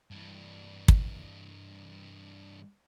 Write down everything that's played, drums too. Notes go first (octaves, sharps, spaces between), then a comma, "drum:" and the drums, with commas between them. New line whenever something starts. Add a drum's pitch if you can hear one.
G2 E3
drum: kick